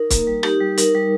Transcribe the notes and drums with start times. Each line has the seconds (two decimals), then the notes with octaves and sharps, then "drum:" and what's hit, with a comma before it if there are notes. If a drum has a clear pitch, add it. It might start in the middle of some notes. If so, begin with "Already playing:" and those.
Already playing: D#4 A#4
0.10 A#3, drum: kick C#1, hi-hat
0.27 G3
0.43 D#4 G4, drum: rim click
0.61 G3
0.78 D#4 A#4, drum: hi-hat
0.95 G3